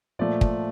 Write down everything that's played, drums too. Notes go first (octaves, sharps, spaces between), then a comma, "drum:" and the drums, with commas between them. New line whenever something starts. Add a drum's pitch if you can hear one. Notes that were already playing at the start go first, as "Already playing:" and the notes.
A#2 F3 A3 D5
drum: kick